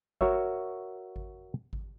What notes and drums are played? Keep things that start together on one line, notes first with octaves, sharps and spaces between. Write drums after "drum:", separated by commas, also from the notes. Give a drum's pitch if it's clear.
F#4 A#4 C#5 E5, drum: kick G#1
drum: kick G#1
drum: kick G#1